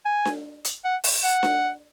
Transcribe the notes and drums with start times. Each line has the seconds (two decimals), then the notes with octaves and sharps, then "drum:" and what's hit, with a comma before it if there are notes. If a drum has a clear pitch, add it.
0.05 G#5
0.25 drum: snare D4
0.65 drum: hi-hat
0.84 F#5
1.04 drum: open hi-hat
1.24 F#5
1.43 drum: snare D4